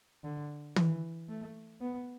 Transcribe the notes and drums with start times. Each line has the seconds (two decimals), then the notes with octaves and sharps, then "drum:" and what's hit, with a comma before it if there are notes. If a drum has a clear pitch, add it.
0.24 D3
0.76 E3, drum: tom
1.29 A3
1.81 B3